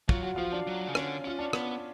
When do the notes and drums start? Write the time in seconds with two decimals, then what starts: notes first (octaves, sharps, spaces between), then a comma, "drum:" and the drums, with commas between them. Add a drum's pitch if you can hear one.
0.09 F#3 F4, drum: kick
0.23 F#4
0.36 F3 F4
0.52 D4
0.67 F#3
0.87 C#3
0.95 D3 C#4, drum: rim click
1.24 C#4 F4
1.39 D4
1.53 B3, drum: rim click